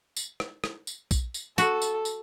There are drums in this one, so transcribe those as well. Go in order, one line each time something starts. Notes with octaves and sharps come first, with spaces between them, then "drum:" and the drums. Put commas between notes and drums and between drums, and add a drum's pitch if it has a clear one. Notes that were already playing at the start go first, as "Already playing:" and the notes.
drum: tambourine
drum: rim click
drum: rim click
drum: tambourine
drum: kick, tambourine
drum: tambourine
F#4 A4, drum: tambourine
drum: tambourine
drum: tambourine